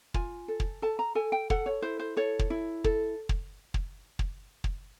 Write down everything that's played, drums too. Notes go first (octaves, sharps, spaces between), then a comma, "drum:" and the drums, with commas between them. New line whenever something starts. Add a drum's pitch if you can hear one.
F4 G#5, drum: kick
A4
drum: kick
A4 A5
A#5
A4 G#5
G5
A4 F#5, drum: kick
C#5
E4 C5
C5
A4 C#5
drum: kick
E4
A4, drum: kick
drum: kick
drum: kick
drum: kick
drum: kick